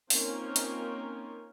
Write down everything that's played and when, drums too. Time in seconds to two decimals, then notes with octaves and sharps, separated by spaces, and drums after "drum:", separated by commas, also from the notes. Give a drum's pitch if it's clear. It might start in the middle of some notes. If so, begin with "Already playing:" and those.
0.10 A#3 C4 C#4 D#4 F4 A#4, drum: open hi-hat
0.56 drum: hi-hat